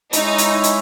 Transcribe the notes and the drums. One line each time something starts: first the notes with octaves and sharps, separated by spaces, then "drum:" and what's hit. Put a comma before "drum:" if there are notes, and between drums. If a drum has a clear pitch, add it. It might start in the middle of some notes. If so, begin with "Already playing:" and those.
G#3 C#4 D#4 E4, drum: hi-hat
drum: hi-hat
drum: hi-hat